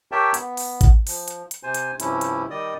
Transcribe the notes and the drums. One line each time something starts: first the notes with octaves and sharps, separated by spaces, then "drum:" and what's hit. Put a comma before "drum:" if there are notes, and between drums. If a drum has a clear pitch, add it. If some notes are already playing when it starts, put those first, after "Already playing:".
G4 A#4 C#5 E5 G5 A5
B3, drum: hi-hat
drum: open hi-hat
drum: kick A1, hi-hat
F3, drum: open hi-hat
drum: hi-hat
drum: hi-hat
C3 C5 G#5
drum: hi-hat
G2 C3 F3 C#4 E4, drum: hi-hat
drum: hi-hat
D#3 G3 D5 D#5 D#6